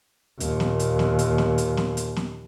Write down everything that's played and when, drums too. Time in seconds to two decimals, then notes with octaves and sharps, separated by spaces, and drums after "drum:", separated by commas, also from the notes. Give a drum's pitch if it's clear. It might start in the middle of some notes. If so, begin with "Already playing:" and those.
0.40 D#2 A#2, drum: hi-hat
0.60 drum: snare
0.79 drum: hi-hat
0.99 drum: snare
1.19 drum: hi-hat
1.38 drum: snare
1.58 drum: hi-hat
1.77 drum: snare
1.97 drum: hi-hat
2.16 drum: snare